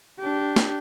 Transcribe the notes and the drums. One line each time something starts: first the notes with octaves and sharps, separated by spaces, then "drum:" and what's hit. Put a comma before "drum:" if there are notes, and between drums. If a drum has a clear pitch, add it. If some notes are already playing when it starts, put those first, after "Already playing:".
D4 G4
drum: snare